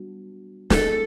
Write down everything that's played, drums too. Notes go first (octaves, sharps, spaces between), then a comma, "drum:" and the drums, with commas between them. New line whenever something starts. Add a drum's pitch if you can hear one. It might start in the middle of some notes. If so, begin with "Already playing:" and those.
Already playing: G3 B3 D4 F#4
A3 C4 E4 G#4 A4, drum: snare